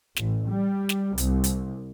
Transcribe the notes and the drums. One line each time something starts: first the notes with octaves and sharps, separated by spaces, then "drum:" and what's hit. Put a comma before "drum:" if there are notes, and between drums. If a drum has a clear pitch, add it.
A1, drum: snare
G3
drum: snare
C2, drum: hi-hat
drum: hi-hat